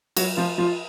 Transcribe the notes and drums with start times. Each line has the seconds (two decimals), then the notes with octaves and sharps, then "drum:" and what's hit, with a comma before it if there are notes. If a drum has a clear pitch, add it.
0.17 F#3 F#4, drum: cymbal
0.37 F3 F4
0.58 F3 F4